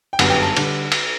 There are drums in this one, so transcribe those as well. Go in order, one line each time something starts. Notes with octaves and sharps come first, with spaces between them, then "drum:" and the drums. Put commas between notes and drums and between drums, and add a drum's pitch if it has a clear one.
G5
G1 F#2 D3 G3 B3 F#5, drum: cymbal
G5
A5
D3 G3, drum: cymbal
drum: cymbal